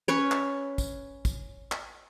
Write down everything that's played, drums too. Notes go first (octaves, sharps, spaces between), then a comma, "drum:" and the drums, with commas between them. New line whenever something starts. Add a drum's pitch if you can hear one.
C#4 B4 C#5
drum: clap
drum: kick, tambourine
drum: kick, tambourine
drum: clap